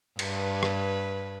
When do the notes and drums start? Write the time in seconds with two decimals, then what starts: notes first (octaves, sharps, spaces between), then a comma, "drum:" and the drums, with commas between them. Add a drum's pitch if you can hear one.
0.19 G2 B4, drum: cymbal
0.63 drum: rim click